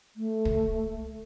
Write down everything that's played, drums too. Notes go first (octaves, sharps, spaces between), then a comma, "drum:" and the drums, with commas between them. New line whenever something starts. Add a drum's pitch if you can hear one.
A3
drum: kick